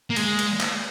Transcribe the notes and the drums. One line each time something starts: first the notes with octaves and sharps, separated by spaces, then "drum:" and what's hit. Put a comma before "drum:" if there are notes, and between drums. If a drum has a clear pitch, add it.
A#3
G#3, drum: cymbal
drum: cymbal
drum: clap